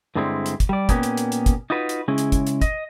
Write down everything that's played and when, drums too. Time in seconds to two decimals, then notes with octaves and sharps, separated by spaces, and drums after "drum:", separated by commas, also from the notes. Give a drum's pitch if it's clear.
0.15 G2 D3 G3 G#3 C4 E4
0.46 drum: hi-hat
0.60 drum: kick, hi-hat
0.69 G3 D5
0.89 A#2 A#3 B3 C#4 G4, drum: kick, hi-hat
1.03 drum: hi-hat
1.17 drum: hi-hat
1.32 drum: hi-hat
1.46 drum: kick, hi-hat
1.70 D#4 F4 F#4 B4
1.89 drum: hi-hat
2.08 C#3 G#3 C#4 E4
2.18 drum: hi-hat
2.32 drum: kick, hi-hat
2.47 drum: hi-hat
2.61 D#5, drum: kick, hi-hat